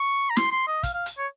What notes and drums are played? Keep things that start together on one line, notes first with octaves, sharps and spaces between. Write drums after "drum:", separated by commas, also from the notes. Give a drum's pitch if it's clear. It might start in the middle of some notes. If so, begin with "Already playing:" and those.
Already playing: C#6
A#5
C6, drum: snare
C6
D#5
F5, drum: kick, hi-hat
F5
drum: hi-hat
C#5